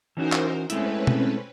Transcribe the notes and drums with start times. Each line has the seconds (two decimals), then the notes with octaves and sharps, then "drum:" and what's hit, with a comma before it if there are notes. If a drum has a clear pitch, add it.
0.17 E3 C#4 D#4 F#4 A#4 C5
0.32 drum: clap
0.70 G#3 A3 C4 C#4 E4 B4, drum: hi-hat
1.07 drum: tom